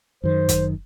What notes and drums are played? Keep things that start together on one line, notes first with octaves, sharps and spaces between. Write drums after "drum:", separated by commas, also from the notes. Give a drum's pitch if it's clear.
F#2 D#3 C5
drum: kick, hi-hat